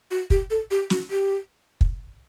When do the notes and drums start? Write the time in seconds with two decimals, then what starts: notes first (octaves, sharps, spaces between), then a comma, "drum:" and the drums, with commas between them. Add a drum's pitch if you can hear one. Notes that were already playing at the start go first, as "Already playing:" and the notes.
0.11 F#4
0.30 G4, drum: kick
0.50 A4
0.71 G4
0.90 F#4, drum: snare
1.10 G4
1.81 drum: kick